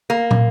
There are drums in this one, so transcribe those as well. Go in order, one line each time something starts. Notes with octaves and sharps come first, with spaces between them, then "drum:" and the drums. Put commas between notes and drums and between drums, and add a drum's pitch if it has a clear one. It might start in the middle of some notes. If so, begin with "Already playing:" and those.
A#3
drum: tom